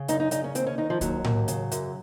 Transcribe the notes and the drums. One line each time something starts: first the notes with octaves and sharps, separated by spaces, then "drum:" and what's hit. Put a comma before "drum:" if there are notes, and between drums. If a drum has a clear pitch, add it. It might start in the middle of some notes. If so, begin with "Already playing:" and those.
Already playing: C#3
F#2 D#4, drum: hi-hat
D#4
C#3 D#4, drum: hi-hat
C#4
D#2 C4, drum: hi-hat
C#4
D#3 D#4
F3
D#2 F#3, drum: kick C2, hi-hat
D#2, drum: tom A2
C#3, drum: hi-hat
F#2, drum: hi-hat